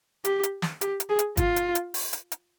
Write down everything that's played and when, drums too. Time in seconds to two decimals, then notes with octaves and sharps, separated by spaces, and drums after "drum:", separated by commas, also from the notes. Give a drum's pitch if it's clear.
0.25 G4, drum: hi-hat
0.43 drum: hi-hat
0.62 drum: snare
0.81 G4, drum: hi-hat
1.00 drum: hi-hat
1.09 G#4
1.19 drum: hi-hat
1.37 F4, drum: kick, hi-hat
1.56 drum: hi-hat
1.75 drum: hi-hat
1.94 drum: open hi-hat
2.13 drum: hi-hat
2.32 drum: hi-hat